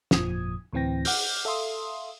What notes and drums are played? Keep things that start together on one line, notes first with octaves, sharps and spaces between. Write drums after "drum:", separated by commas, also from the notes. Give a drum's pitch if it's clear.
G1 F2 A#2 F3 D#6 G#6, drum: snare
D2 A2 E3 C4 G5 A#6
F#5 D6 F6 G6, drum: open hi-hat
A4 E5 F5 C6 D#6